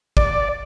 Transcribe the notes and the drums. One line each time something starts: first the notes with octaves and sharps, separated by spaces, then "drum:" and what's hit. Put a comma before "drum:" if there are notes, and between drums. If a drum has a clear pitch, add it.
D5, drum: kick